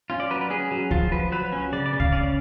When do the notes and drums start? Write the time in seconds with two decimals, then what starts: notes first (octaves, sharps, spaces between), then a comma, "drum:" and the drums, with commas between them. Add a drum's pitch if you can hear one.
0.10 C#4 F4
0.20 D5
0.30 F#3 B4
0.41 B4
0.50 C#4 G#4
0.71 F#3
0.91 F3 F4, drum: kick C#2
1.11 F3 B4
1.32 F#3 B4
1.52 C#4
1.72 C#3 D5
1.86 D5
1.93 C#3
2.00 F5, drum: kick C#2
2.13 C#4 D5